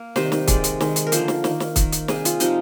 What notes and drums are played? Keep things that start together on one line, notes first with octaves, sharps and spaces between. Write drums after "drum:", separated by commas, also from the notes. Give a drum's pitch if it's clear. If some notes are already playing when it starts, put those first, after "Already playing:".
Already playing: A#3
C3 D#3 G3 C5, drum: snare
drum: snare
D#3 G#3 D5, drum: kick, hi-hat
drum: hi-hat
D#3 G#3, drum: snare
drum: hi-hat
A#4
D3 F3 A#3 C5, drum: hi-hat
drum: snare
D#3 A#3, drum: snare
drum: snare
D#3 A#3, drum: kick, hi-hat
drum: hi-hat
C3 G3 A#3 G#4, drum: snare
F4, drum: hi-hat
C3 F3 G#3 D#4, drum: hi-hat